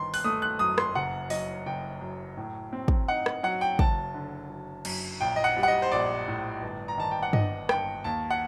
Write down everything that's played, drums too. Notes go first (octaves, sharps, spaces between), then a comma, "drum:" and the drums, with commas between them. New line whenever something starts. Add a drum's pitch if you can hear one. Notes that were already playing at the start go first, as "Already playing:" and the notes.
Already playing: G1 D#3 C6
F#6, drum: open hi-hat
A3 D#6
F#6
F#2 D#6
C6, drum: rim click
F#1 F#5
F#3 D#5, drum: open hi-hat
F#1 G5
F#2
A2
C4
drum: kick
D#4 F#5
drum: rim click
F#3 F#5
G5
F#1 A5, drum: kick
D3
F#3
F#2, drum: cymbal
A#1 G5
D#5
F#5
G3
F#5
D#5
C5
A#1 D5
A2
G1
A#5
D#3 A5
G5
F#5
G1 D#5, drum: tom G2
G2 G5, drum: rim click
D#2 A5
F#5